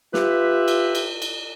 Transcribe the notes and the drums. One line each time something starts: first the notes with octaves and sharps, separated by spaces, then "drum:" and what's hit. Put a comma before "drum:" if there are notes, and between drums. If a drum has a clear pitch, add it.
F4 G4 B4 E5, drum: snare
drum: cymbal
drum: cymbal
drum: cymbal